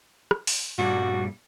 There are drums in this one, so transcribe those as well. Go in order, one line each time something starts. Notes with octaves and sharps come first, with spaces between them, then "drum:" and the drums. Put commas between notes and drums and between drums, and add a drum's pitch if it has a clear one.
drum: rim click
drum: open hi-hat
G2 A#2 G3 F#4